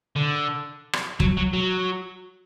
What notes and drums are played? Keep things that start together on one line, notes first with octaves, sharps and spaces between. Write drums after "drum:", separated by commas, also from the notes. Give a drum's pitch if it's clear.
D3
drum: rim click
F#3, drum: kick
F#3
F#3